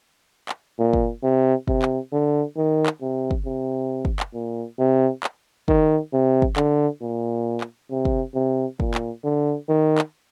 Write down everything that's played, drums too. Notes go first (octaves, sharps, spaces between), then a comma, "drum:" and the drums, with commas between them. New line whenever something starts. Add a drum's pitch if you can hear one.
drum: clap
A#2
drum: kick
C3
C3, drum: kick
drum: clap
D3
D#3
drum: clap
C3
drum: kick
C3
drum: kick
drum: clap
A#2
C3
drum: clap
D#3, drum: kick
C3
drum: kick
D3, drum: clap
A#2
drum: clap
C3
drum: kick
C3
A#2, drum: kick
drum: clap
D3
D#3
drum: clap